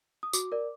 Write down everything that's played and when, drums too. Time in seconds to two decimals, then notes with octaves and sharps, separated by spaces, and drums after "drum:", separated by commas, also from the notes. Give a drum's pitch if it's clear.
0.23 D#6
0.33 F#4 D6, drum: tambourine
0.52 A#4 D5